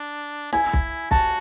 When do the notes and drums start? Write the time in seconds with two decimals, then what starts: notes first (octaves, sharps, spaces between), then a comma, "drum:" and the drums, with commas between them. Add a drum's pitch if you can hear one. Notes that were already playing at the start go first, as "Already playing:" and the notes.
Already playing: D4
0.53 E4 G#5, drum: snare
0.73 drum: kick B1
1.11 F#4 A5, drum: kick B1